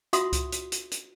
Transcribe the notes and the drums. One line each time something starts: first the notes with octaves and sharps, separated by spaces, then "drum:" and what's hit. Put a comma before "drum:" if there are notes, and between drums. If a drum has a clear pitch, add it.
F4 F#4 E5 F#5 C6 D#6, drum: hi-hat
drum: kick C#2, hi-hat
drum: hi-hat
drum: hi-hat
drum: hi-hat